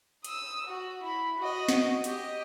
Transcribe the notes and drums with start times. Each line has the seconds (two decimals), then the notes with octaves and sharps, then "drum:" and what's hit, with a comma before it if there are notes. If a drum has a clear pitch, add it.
0.24 D#6 E6, drum: hi-hat
0.66 F#4
1.03 E4 B5
1.38 F#4 D#5
1.69 drum: snare
2.04 G4 D#5, drum: hi-hat